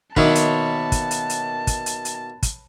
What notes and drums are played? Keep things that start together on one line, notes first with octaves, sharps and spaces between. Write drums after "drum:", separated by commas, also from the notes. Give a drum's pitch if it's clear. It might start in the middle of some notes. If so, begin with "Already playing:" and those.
B2 D#3 A#3 B4 C#5 E5 A5, drum: kick
drum: hi-hat
drum: kick, hi-hat
drum: hi-hat
drum: hi-hat
drum: kick, hi-hat
drum: hi-hat
drum: hi-hat
drum: kick, hi-hat